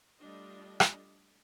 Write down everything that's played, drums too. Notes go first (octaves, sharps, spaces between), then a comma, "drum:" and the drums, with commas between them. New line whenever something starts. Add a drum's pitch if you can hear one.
G3 A3 D4 F4 D#5
drum: rim click